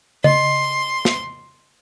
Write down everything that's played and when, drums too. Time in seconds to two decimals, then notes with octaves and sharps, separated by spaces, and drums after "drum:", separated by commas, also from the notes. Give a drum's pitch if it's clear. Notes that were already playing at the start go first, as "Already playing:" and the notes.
0.24 D#5 C6, drum: tom C#3
1.05 drum: snare